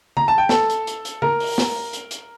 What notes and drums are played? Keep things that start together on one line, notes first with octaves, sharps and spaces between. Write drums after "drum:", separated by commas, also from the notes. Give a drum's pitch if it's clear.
A#5, drum: tom C#3
A5
G5
A4 A5, drum: snare
drum: hi-hat
drum: hi-hat
drum: hi-hat
A#4 A#5, drum: tom C#3
drum: open hi-hat
drum: snare
drum: hi-hat
drum: hi-hat